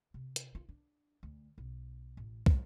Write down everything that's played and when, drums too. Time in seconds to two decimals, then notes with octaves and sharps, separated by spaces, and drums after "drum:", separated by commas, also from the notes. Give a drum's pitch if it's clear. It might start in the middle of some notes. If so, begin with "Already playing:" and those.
0.14 C3
0.36 drum: hi-hat
0.55 F4
0.69 D4
1.23 D2
1.58 B1
2.17 A1
2.46 G#2, drum: kick